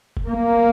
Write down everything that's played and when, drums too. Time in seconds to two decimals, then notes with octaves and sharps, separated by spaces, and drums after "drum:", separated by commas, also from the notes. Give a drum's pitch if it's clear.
0.17 drum: kick F1
0.27 A#3